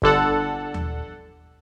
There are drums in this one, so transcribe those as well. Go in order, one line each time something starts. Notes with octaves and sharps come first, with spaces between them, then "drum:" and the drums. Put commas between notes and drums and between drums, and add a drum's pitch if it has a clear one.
G1 D3 A4 F#5, drum: kick
drum: tom D#2